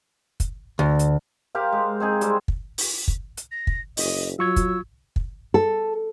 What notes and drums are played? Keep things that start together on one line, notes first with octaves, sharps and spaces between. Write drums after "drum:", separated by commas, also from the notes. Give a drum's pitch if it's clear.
drum: kick, hi-hat
D2
drum: hi-hat
G4 A#4 C5 F5
G#3
C4 D#4 G#4 A#5
G3 G#3 C4, drum: hi-hat
drum: kick
drum: open hi-hat
drum: kick
drum: hi-hat
A#6
drum: kick
F#1 D#5, drum: open hi-hat
F#3 F4 C#6 E6 G#6
drum: kick, hi-hat
drum: kick
A4